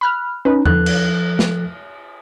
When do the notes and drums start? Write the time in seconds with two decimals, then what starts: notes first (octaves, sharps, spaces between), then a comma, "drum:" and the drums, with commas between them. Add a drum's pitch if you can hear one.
0.01 B5 F6 F#6
0.45 C#4 D#4 B4
0.66 F3 A4 F#6, drum: tom E2
0.86 drum: cymbal
1.39 drum: snare